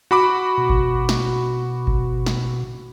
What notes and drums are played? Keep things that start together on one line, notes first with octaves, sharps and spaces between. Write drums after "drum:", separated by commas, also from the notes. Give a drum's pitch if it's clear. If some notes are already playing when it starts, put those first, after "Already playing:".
F#4 B5 D6
B2
drum: kick G#1
drum: snare
drum: kick G#1
drum: snare